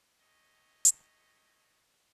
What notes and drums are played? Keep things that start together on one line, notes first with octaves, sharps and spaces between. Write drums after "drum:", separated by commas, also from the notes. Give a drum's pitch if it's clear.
A3 C4 C#5 D#5
drum: hi-hat